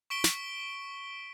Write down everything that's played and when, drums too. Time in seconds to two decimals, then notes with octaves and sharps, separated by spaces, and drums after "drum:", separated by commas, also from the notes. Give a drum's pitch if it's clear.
0.10 C#6 B6 D7 G7
0.24 drum: snare